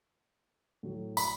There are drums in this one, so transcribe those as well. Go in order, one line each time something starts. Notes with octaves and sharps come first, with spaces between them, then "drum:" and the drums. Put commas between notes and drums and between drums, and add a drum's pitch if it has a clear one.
A2 F#3
B5, drum: tambourine